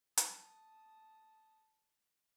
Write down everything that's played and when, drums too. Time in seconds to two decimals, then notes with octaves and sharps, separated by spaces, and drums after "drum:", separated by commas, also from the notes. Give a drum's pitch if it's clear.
0.17 A5 D#6, drum: hi-hat